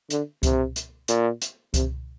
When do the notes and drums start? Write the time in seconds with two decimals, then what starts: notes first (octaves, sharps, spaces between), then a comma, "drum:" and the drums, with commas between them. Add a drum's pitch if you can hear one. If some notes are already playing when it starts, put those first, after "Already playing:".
0.10 D3, drum: hi-hat
0.43 C3, drum: kick C2, hi-hat
0.76 drum: hi-hat
1.08 A#2, drum: hi-hat
1.42 drum: hi-hat
1.74 C3, drum: kick C2, hi-hat